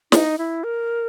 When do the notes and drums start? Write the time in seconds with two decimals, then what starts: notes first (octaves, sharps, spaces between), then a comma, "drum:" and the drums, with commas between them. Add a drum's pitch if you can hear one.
0.12 D#4, drum: snare
0.38 E4
0.64 A#4